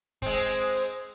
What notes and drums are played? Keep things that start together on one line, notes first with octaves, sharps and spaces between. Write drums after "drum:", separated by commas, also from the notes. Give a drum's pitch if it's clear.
G#3 C4, drum: kick, hi-hat
drum: hi-hat
drum: hi-hat